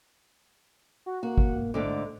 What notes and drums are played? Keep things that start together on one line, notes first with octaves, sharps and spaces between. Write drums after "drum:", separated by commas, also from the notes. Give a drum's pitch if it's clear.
F#4
A#3 F#4
drum: kick
G#2 D3 A3 D6